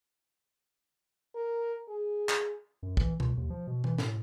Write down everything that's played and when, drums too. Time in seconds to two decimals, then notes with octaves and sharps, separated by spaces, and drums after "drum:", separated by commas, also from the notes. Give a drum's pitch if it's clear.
1.35 A#4
1.88 G#4
2.29 drum: clap
2.83 F#2
2.97 E3, drum: kick
3.20 C#2, drum: tom B2
3.37 D#2
3.50 F3
3.67 B2
3.84 E3, drum: tom B2
3.98 A2, drum: snare